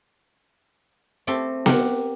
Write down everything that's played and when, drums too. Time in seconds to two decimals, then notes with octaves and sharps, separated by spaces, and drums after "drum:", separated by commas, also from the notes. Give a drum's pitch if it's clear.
1.27 A3 C4 G4 A4
1.66 G4 A#4 C5 F#5, drum: snare B3